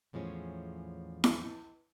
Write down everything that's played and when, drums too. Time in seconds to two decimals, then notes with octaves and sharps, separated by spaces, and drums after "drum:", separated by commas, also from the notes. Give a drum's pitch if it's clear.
0.13 E2 A2 F3 G#3 C#4
1.24 drum: snare E4